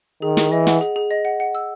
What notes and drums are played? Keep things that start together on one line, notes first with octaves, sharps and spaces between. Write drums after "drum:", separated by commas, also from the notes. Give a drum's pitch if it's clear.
D#3 G#4
G#4, drum: snare
E3 D#5
F#5, drum: snare
G#4
G#4
D#5
F#5
F#5
E6